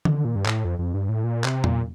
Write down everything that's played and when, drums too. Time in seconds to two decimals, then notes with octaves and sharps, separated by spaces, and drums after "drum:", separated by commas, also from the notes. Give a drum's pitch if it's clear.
0.05 D3, drum: tom D#3
0.25 A#2
0.36 G2
0.46 A2, drum: clap
0.65 F2
0.79 F2
0.94 G2
1.09 A2
1.24 A#2
1.44 C3, drum: clap
1.64 A#2, drum: tom E2